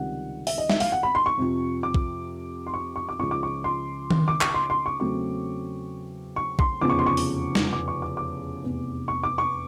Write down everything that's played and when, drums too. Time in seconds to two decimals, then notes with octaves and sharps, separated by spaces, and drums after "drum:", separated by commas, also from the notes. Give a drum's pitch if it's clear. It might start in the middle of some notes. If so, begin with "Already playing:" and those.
Already playing: C#2 C3 D#3 G3 C4 F#5
0.47 E5, drum: open hi-hat
0.58 D#5
0.70 E5, drum: snare
0.80 F5, drum: open hi-hat
0.92 F#5
1.03 B5
1.15 C6
1.26 C#6
1.37 F2 C3 F3
1.83 D6
1.94 drum: kick A#1
2.67 C6
2.74 C#6
2.96 C#6
3.09 D6
3.19 C#2 C#3 F3 C#6
3.31 D6
3.43 C#6
3.64 C6
4.10 drum: tom D#3
4.28 D6
4.41 C#6, drum: clap
4.54 C6
4.70 C6
4.86 C#6
5.00 E2 C#3 F#3 A3 C4 C#6
6.36 C#6
6.59 C6, drum: kick A#1
6.81 F1 E2 C#3 F3 D6
6.90 C#6
6.99 C6
7.06 C#6
7.17 drum: open hi-hat
7.55 drum: snare
7.73 D6
7.88 C#6
8.02 D6
8.17 D6
8.63 F1 E2 C3
9.08 C#6
9.23 D6
9.38 C#6